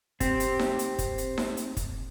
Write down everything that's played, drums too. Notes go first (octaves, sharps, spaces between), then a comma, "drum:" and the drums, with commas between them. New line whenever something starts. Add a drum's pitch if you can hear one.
C4 G4, drum: kick, hi-hat
drum: hi-hat
drum: snare D#4
drum: hi-hat
drum: kick, hi-hat
drum: hi-hat
drum: snare D#4
drum: hi-hat
drum: kick, hi-hat